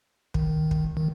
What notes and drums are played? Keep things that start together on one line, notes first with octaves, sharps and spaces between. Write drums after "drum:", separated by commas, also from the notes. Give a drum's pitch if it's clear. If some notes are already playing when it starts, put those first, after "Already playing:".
D#3, drum: kick
drum: kick
D#3